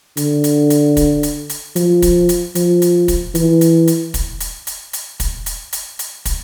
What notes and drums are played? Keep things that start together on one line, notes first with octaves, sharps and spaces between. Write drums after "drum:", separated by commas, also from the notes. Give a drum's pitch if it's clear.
D3, drum: hi-hat
drum: hi-hat
drum: hi-hat
drum: kick, hi-hat
drum: hi-hat
drum: hi-hat
F3, drum: hi-hat
drum: kick, hi-hat
drum: hi-hat
F3, drum: hi-hat
drum: hi-hat
drum: kick, hi-hat
E3, drum: hi-hat
drum: hi-hat
drum: hi-hat
drum: kick, hi-hat
drum: hi-hat
drum: hi-hat
drum: hi-hat
drum: kick, hi-hat
drum: hi-hat
drum: hi-hat
drum: hi-hat
drum: kick, hi-hat